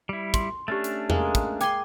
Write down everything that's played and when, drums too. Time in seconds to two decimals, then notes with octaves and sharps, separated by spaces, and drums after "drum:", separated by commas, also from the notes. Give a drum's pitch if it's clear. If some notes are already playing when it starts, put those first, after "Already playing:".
0.09 G3 E4
0.34 C6, drum: kick, hi-hat
0.68 A3 C#4 D4 G4 A6
0.84 drum: hi-hat
1.10 G#3 A#3, drum: tom E2
1.35 drum: kick, hi-hat
1.61 G5 G#5 C6 D6 G#6, drum: hi-hat